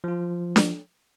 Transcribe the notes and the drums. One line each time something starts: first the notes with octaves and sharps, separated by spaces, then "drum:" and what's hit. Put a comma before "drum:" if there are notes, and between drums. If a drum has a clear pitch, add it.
F3 F4
drum: snare D4